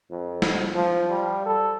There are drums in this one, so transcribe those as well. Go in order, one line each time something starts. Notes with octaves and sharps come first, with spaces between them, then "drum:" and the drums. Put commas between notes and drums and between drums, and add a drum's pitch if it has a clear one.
F2
drum: snare
F3
G3
A4